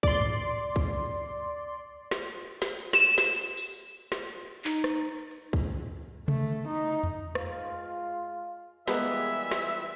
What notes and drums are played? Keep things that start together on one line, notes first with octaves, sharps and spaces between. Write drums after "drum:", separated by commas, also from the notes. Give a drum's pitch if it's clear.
D5 C6, drum: kick
drum: tom G#2
drum: kick
drum: snare
drum: snare
E7, drum: snare
drum: snare
drum: tambourine
drum: snare
drum: hi-hat
D#4, drum: clap
drum: rim click
drum: hi-hat
drum: kick
A3, drum: tom C3
D#4
drum: tom E2
G#3 F4, drum: rim click
E3 G3 G#3 A#3 B3 E5, drum: snare
drum: snare